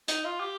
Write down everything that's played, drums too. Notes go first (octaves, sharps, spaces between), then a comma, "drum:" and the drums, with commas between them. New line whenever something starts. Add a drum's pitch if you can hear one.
D#4, drum: hi-hat
F4
G4